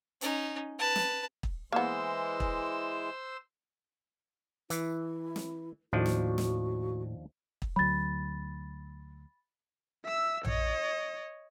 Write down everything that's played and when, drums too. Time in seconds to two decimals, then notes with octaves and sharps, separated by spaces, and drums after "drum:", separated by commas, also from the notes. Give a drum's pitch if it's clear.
0.21 C#4 D#4, drum: hi-hat
0.79 B4 A5
0.96 drum: snare
1.43 drum: kick
1.72 E3 G#3 A#3 B3 C5 E6
2.40 drum: kick
4.70 E3 E4, drum: hi-hat
5.36 drum: snare
5.93 D#2 A2 F3 D4 F#4
6.06 drum: snare
6.38 drum: snare
7.62 drum: kick
7.76 D2 F#3 B5 A6
10.05 E5 E6
10.45 C#5 D#5, drum: tom A#1